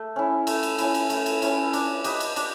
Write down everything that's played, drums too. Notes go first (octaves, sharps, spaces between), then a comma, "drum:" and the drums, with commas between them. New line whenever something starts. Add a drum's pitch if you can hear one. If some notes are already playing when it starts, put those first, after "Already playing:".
Already playing: A3
C#4 E4
A3, drum: cymbal
drum: cymbal
C#4 E4, drum: cymbal
drum: cymbal
A3, drum: cymbal
drum: cymbal
C#4 E4, drum: cymbal
D4, drum: cymbal
G4 B4 D#5, drum: cymbal
drum: cymbal
D4, drum: cymbal